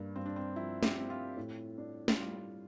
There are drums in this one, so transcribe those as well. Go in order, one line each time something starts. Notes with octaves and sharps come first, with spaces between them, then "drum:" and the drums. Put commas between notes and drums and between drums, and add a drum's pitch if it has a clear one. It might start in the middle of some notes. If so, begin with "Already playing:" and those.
Already playing: G2 A#3
G2 C4
D4
C4
F3 E4
G4, drum: snare
C4
F4
A2
D4
drum: snare
G3 F4